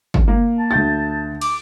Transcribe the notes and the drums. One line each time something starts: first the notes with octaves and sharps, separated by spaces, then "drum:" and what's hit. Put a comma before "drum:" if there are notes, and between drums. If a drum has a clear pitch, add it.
drum: kick
A#3
A5
D2 G6 A6
D6, drum: cymbal